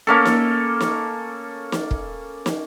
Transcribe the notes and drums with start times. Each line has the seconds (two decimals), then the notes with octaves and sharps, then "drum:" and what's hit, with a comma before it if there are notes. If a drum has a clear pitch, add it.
0.07 A#3 C#4 A4
0.25 drum: snare
0.81 drum: snare
1.72 drum: snare
1.91 drum: kick
2.46 drum: snare